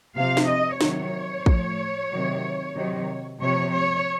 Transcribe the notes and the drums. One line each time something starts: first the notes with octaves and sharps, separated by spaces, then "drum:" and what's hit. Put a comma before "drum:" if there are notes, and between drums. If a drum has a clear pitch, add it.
C3 F3 F5
drum: snare
D#5
C3 D#3 F#3 C#5, drum: snare
A2 F3, drum: kick
C3 D#3 F#3
C3 D#3 F#3
C3 F3 C#5
C#5